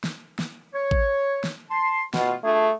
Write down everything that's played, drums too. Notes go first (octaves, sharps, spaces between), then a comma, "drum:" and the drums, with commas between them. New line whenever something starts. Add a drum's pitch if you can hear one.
drum: snare
drum: snare
C#5
drum: kick A1
drum: snare
A5 C6
B2 A3 F4, drum: snare
A3 D4 F4 G#4